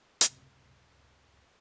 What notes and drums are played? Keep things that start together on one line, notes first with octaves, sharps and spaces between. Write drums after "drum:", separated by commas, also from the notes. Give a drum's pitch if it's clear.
C#2 F#2 A2 C3, drum: hi-hat